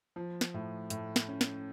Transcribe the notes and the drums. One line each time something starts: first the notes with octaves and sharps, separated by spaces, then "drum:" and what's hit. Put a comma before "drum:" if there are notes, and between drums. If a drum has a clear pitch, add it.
F3
drum: snare
A2
A2, drum: hi-hat
drum: snare
C#4
drum: snare